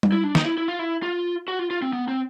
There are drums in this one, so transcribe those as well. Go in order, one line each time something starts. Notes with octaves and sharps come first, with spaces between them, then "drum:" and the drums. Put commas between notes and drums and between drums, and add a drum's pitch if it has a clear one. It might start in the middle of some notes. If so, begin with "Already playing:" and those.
drum: tom G3
E4
D4
D#4, drum: snare
E4
E4
F4
E4
F4
F#4
F4
F4
C4
B3
C4